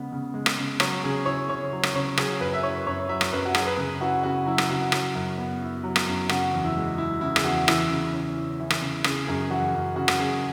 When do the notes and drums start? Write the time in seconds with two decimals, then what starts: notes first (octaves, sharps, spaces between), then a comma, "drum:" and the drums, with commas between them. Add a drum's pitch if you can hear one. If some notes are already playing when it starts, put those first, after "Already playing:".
Already playing: C#3 G#3 B3
0.12 C#3
0.34 G#3
0.46 drum: rim click
0.58 C#3
0.80 F#3 C#5, drum: rim click
1.04 C#3 G#4
1.26 E4 C#5
1.48 C#3 C#5
1.73 F#3
1.83 drum: rim click
1.94 C#3 C#5
2.17 F#3 G#4, drum: rim click
2.40 F#2 B4
2.53 E5
2.63 E4 C#5
2.86 F#2 C#5
3.09 F#3 E5
3.21 drum: rim click
3.32 F#2 B4
3.45 F#4
3.55 F#3 G#4, drum: rim click
3.67 B4
3.77 C#3 G#4
4.01 E4 F#4
4.23 C#3 F#4
4.46 F#3 E4
4.58 drum: rim click
4.70 C#3 F#4
4.92 F#3, drum: rim click
5.15 F#2
5.38 B3
5.61 E4
5.84 F#3
5.96 drum: rim click
6.07 F#2
6.29 C#3 F#4, drum: rim click
6.53 E2
6.64 E4
6.76 G#3
6.98 E4
7.21 C#3 E4
7.36 G#4, drum: rim click
7.44 E2 F#4
7.68 E3 E4, drum: rim click
7.91 C#3
8.13 C#4
8.36 E4
8.60 E3
8.70 drum: rim click
8.81 C#3
9.04 C#3 G#4, drum: rim click
9.27 F#2 G#4
9.51 E3 F#4
9.74 F#2
9.96 C#3 F#4
10.08 drum: rim click
10.19 F#2 G#4